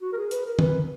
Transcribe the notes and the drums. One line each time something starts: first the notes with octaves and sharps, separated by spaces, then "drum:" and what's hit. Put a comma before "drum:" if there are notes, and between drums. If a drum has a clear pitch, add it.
F#4
A#4
G#4
B4, drum: hi-hat
A#4
B4, drum: tom